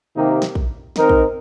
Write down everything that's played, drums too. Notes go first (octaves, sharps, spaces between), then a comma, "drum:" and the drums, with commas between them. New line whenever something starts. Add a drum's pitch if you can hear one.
C3 D#3 A#3 D#4 G4
drum: snare
drum: kick
D#3 C4 D#4 A#4, drum: snare
drum: kick